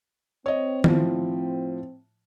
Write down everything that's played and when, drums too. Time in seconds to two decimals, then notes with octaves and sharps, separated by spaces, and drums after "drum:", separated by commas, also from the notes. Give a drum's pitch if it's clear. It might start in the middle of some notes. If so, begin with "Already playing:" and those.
0.46 C4 C#5 D#5
0.84 A2 F3, drum: tom D#3